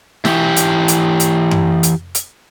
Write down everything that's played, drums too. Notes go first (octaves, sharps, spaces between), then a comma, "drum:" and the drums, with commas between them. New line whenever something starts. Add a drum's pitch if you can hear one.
E3 G4, drum: snare
drum: hi-hat
drum: hi-hat
drum: hi-hat
drum: tom F#2
drum: hi-hat
drum: hi-hat